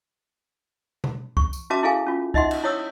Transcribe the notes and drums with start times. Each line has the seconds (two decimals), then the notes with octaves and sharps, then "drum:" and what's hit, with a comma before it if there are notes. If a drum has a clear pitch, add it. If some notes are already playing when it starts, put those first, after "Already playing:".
1.04 drum: tom B2
1.37 C#6, drum: kick
1.53 drum: tambourine
1.70 C#4 F#4 B4 E5 A5 D6
1.83 E4 G#4 A4 F5 G#5
2.07 C#4 F4
2.34 D#4 D#5 E5 F#5 C6, drum: kick
2.51 drum: cymbal
2.64 E4 C#5 D#6 E6